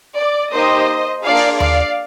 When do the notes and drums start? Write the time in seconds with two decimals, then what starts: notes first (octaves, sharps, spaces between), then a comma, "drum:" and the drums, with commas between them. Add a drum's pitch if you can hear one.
0.18 D5
0.54 A#3 D#4 G4 C5 D#5
1.25 A#3 D4 F4 G#4 D5 F5
1.35 drum: open hi-hat
1.60 D5 F5, drum: tom D#2